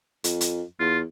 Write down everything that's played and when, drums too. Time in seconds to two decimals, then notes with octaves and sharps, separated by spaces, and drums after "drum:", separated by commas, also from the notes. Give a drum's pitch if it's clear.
0.24 F2, drum: hi-hat
0.41 drum: hi-hat
0.80 E2 F4